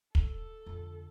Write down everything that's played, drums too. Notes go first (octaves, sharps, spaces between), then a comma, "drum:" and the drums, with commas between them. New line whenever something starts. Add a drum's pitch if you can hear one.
A4, drum: kick
F2 D3